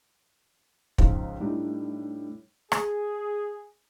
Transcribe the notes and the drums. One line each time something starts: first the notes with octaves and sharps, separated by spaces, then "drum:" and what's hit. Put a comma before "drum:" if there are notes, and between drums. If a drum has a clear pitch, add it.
C#2 G#2 F3 C5, drum: kick
A2 G3 A3 D4 D#4
G#4, drum: rim click